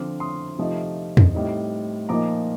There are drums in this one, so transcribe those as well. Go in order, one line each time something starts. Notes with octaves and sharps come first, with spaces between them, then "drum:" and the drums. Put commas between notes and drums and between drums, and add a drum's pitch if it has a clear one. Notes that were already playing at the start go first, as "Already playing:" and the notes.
Already playing: D3 F3 C4 D6 F6
C6 D#6
C3 F3 A3 D#4
drum: tom E2
A2 G3 C4 D#4
A#2 F3 A#3 D#4 A#5 D6